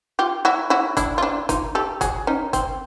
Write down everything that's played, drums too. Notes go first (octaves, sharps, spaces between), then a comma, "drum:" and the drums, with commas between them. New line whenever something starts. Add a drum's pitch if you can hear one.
F4 G4
E4 F#4
E4 F#4
D4 E4, drum: kick, hi-hat
F4
D4 E4
D#4 F4, drum: kick, hi-hat
G4 A4
F#4 G#4, drum: kick, hi-hat
C#4 D#4
C4, drum: kick, hi-hat